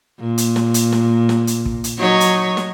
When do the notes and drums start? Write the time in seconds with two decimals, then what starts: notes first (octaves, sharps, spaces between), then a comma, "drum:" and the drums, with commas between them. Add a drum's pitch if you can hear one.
0.19 A#2
0.38 drum: hi-hat
0.56 drum: snare
0.74 drum: hi-hat
0.92 drum: snare
1.29 drum: snare
1.47 drum: hi-hat
1.66 drum: kick
1.84 drum: hi-hat
1.98 F#3 D#4 C#5
2.20 drum: hi-hat
2.57 drum: snare